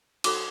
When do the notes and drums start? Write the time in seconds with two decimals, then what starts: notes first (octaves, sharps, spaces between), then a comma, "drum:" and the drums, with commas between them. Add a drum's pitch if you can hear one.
0.24 D#4 F#4 A4 C5 D6, drum: cymbal